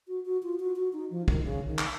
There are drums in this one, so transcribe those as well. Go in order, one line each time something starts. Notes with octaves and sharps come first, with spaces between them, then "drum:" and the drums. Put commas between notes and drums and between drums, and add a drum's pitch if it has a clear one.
F#4
F#4
F4
F#4
F#4
D#4
F3
D#3, drum: kick
C#3
D#3
drum: clap